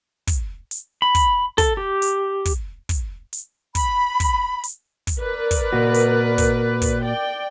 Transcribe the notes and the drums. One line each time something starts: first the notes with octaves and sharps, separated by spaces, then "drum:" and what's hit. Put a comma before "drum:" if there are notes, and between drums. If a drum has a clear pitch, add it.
drum: kick, hi-hat
drum: hi-hat
B5
drum: kick, hi-hat
A4, drum: kick, hi-hat
G4
drum: hi-hat
drum: kick, hi-hat
drum: kick, hi-hat
drum: hi-hat
B5, drum: kick, hi-hat
drum: kick, hi-hat
drum: hi-hat
drum: kick, hi-hat
A#4 B4 D5
drum: kick, hi-hat
A#2 F#4
drum: hi-hat
drum: kick, hi-hat
drum: kick, hi-hat
D5 G5